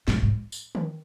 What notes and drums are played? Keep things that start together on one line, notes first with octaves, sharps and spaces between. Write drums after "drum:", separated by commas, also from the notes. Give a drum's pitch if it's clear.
A2, drum: snare
G#2
drum: tambourine
drum: tom D#3